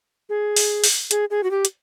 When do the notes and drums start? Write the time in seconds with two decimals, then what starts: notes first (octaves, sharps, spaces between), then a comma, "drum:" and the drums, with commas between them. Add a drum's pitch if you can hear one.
0.29 G#4
0.57 drum: open hi-hat
0.84 drum: open hi-hat
1.11 G#4, drum: hi-hat
1.31 G#4
1.43 F#4
1.51 G4
1.65 drum: hi-hat